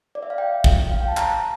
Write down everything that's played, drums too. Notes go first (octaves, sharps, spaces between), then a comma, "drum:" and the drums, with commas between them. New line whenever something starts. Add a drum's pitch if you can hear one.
D5
E5
F5
G5
drum: kick
F5
G5
A5
A#5, drum: clap